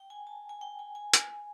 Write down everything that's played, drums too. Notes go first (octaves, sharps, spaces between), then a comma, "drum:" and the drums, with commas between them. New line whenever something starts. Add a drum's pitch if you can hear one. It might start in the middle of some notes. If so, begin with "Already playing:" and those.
Already playing: G5
G#5
A5
G#5
G5
G#5
G#5
drum: hi-hat